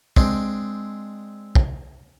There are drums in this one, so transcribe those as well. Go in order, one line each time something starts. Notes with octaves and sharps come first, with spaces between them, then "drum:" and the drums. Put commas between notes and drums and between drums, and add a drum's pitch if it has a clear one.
G#3 C4 D4, drum: kick
drum: kick